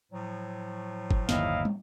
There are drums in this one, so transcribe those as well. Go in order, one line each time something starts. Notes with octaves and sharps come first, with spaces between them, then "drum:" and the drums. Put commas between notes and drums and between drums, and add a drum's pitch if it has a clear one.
A2 F3 F#3
drum: kick G1
G1 D#2 E4 D#5 F5, drum: snare
drum: tom